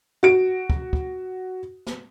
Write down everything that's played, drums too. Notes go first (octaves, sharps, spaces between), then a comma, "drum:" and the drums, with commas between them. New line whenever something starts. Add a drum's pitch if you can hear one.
F#4 D7
drum: kick
drum: kick
drum: snare